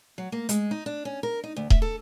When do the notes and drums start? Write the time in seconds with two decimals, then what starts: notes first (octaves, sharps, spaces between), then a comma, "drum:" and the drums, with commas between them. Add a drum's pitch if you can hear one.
0.18 F#3
0.32 A#3
0.49 G#3, drum: hi-hat
0.71 D#4
0.86 D4
1.05 C#4
1.23 A#4
1.44 D#4
1.56 D2
1.70 E5, drum: kick D#1
1.82 A4